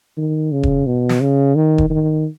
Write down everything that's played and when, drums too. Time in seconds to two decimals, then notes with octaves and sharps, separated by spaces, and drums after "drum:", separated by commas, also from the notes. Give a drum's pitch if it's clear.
0.17 D#3
0.52 C#3
0.63 drum: kick E1
0.86 B2
1.09 drum: snare
1.21 C#3
1.55 D#3
1.78 drum: kick E1
1.90 D#3